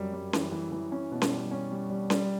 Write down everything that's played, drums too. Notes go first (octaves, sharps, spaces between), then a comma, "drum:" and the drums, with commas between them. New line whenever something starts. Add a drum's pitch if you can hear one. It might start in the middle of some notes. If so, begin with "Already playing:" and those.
Already playing: F#2 G3
G3
E3, drum: snare C#4
E3
E3
C#4
B2
drum: snare C#4
G3
C#4
G3
G3
G3, drum: snare C#4